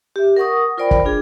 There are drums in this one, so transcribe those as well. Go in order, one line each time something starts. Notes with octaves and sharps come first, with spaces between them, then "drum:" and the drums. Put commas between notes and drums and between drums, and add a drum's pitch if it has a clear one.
G4 E5
A#4 F#5 C#6 D#6
F4 A#4 C5 D5 G5 B5
drum: kick
D4 F4 G#4